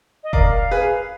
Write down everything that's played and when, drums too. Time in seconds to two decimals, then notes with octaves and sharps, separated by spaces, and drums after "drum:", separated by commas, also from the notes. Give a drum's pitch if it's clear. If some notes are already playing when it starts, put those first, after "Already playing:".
0.24 D#5
0.33 A#4 D5 F5, drum: kick F1
0.71 G#4 B4